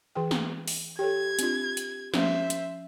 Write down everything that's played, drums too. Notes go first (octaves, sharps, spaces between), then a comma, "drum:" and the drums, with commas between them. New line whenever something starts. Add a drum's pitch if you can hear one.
E3 G#4 G5
drum: snare
drum: open hi-hat
G4 A4 C#5 G5 G#6
C4 D4 F4, drum: hi-hat
drum: hi-hat
F3 C#4 C5 E5, drum: snare
drum: hi-hat